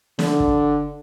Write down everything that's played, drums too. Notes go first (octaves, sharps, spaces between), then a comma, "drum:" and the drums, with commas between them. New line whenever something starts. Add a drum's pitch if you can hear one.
D3, drum: snare
drum: kick